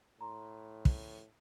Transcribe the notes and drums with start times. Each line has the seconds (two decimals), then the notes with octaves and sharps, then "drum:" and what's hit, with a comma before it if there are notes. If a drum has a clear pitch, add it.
0.21 A2 A#5 C6
0.85 drum: kick